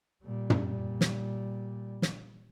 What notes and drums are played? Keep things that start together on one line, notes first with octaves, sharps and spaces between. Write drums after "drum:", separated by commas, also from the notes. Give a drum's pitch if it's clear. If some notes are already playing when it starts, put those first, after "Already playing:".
A#2 G3
drum: tom
drum: snare
drum: snare